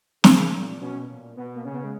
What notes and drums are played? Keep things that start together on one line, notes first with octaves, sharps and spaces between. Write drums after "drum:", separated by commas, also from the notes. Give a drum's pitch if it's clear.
C#3 A#3, drum: snare
A#2
B2 C#4
A#2
B2 B3
A#3
C#3 C#4
B3
G#3